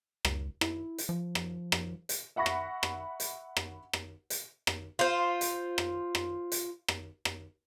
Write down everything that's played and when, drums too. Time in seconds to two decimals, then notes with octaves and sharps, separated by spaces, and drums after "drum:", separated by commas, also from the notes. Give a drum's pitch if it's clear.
0.25 C#2, drum: rim click
0.61 E4, drum: rim click
0.98 drum: hi-hat
1.09 F3
1.35 drum: rim click
1.72 drum: rim click
2.09 drum: hi-hat
2.36 E5 F#5 B5 C#6 A#6
2.46 drum: rim click
2.83 drum: rim click
3.20 drum: hi-hat
3.57 drum: rim click
3.93 drum: rim click
4.30 drum: hi-hat
4.67 drum: rim click
4.99 F4 C5
5.41 drum: hi-hat
5.78 drum: rim click
6.15 drum: rim click
6.52 drum: hi-hat
6.88 drum: rim click
7.25 drum: rim click